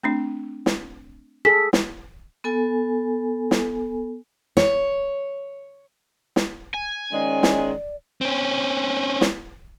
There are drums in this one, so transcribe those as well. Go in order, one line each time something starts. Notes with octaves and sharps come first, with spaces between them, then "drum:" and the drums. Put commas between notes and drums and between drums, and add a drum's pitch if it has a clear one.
A3 C4 D4
drum: snare
G#4 A4 G#5 B6
drum: snare
B3 A4 G#5
drum: snare
C#5, drum: snare
drum: snare
G#5
D#3 F3 G#3 C#4 D5
drum: snare
C4 C#4
drum: snare